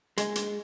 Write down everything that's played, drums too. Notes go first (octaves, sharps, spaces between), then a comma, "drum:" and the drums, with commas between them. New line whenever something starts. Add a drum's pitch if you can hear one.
G#3, drum: hi-hat
drum: hi-hat